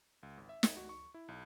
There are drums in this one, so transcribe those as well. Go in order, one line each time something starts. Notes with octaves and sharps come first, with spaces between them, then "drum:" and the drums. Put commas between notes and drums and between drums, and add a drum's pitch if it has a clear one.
C#2
G#1
E5
drum: snare
F#4
C#6
E4
B1